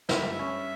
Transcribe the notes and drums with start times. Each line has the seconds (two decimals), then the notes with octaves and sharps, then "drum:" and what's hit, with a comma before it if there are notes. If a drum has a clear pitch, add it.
0.09 G2 E5, drum: snare
0.23 G2
0.39 C#4